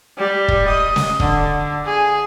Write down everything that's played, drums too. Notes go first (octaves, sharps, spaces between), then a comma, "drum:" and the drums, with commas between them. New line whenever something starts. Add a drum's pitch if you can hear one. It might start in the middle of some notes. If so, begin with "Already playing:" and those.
G3
drum: kick
D#5
drum: snare
D3, drum: kick
G#4